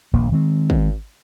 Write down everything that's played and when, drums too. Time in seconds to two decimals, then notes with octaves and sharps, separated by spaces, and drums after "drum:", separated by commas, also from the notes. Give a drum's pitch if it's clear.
0.13 D#1 A#1 A#3
0.32 D#3 G#3 C4
0.70 drum: kick G#1